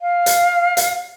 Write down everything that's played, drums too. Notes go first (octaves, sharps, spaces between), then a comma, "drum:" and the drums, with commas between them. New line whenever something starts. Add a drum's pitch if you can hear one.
F5
drum: hi-hat
drum: hi-hat